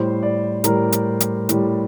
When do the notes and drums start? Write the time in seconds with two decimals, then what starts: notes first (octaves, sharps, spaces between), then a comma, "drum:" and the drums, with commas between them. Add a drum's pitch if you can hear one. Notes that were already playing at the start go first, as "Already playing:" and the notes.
Already playing: A2 G3 C5
0.23 D5
0.64 A2 G3 A#4, drum: hi-hat
0.92 drum: hi-hat
1.20 drum: hi-hat
1.49 A2 G3, drum: hi-hat